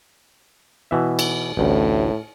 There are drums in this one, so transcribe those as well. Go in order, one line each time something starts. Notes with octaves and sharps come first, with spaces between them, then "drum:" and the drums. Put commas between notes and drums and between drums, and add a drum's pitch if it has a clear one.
B2 E3 E5
drum: cymbal
A1 D2 A2